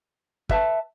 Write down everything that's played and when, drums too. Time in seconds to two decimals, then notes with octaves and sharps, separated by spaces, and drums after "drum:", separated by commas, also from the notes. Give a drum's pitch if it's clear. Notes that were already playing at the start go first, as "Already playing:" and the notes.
0.49 B4 E5 A5, drum: kick